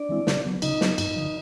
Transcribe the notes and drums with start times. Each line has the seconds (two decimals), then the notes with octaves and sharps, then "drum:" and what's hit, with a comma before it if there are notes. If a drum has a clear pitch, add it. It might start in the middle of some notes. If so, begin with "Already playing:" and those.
Already playing: D4 D5
0.09 E3 G#3 C4 E4
0.27 C#3, drum: snare
0.45 F#3 B3
0.62 C#3 D#4 D#5, drum: cymbal
0.81 F#3 B3, drum: snare
0.98 G2, drum: cymbal
1.16 D3 F3